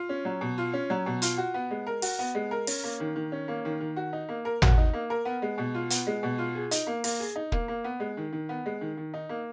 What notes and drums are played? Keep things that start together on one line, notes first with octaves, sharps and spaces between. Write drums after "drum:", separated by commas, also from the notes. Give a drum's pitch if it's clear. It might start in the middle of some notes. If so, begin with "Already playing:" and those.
Already playing: F4
C#4
F#3
B2
F4
C#4
F#3
B2
F4, drum: hi-hat
F#4
B3
G#3
A#4
F#4, drum: open hi-hat
B3
G#3
A#4
C#4, drum: open hi-hat
A#3
D#3
D#3
C#4
A#3
D#3
D#3
F#4
D#4
A#3
A#4
F#4, drum: tom
D#4
A#3
A#4
B3
G#3
B2
F4
B3, drum: hi-hat
G#3
B2
F4
G#4
D#4, drum: hi-hat
A#3
A#3, drum: open hi-hat
G#4
D#4
A#3, drum: kick
A#3
B3
G#3
D#3
D#3
B3
G#3
D#3
D#3
D#4
A#3